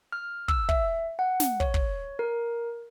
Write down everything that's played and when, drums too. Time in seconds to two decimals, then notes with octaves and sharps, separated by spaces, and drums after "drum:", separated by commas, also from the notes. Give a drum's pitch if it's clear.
0.12 F6
0.48 E6, drum: kick
0.69 E5, drum: kick
1.19 F#5
1.40 drum: snare
1.60 C#5, drum: kick
1.74 drum: kick
2.19 A#4